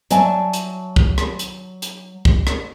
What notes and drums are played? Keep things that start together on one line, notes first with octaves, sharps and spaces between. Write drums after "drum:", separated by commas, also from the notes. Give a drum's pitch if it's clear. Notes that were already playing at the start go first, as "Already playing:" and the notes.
F#3 D5 E5 G#5 A5, drum: hi-hat
drum: hi-hat
drum: kick
drum: rim click
drum: hi-hat
drum: hi-hat
drum: kick
drum: rim click